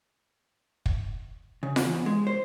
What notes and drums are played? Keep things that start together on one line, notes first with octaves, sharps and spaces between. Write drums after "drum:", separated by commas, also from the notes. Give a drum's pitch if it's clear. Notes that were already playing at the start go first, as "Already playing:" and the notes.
drum: kick
C#3
drum: snare F4
E2
G#3
C5